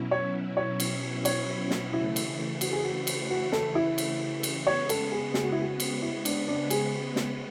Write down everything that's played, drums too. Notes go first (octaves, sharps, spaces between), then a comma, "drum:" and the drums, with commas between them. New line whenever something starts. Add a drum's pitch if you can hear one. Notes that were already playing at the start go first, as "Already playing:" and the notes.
Already playing: B2 F#3 C#4 E4
C#5
C#5
drum: cymbal
C#5, drum: cymbal
drum: snare
C#3 E3 A3 E4
drum: cymbal
F#4, drum: cymbal
G#4
F#4
drum: cymbal
F#4
A4, drum: snare
E4
drum: cymbal
drum: cymbal
C#3 G#3 B3 C#5
A4, drum: cymbal
G#4
G#4, drum: snare
F#4
E4
F#4
drum: cymbal
E4
D4, drum: cymbal
D4
G#4, drum: cymbal
drum: snare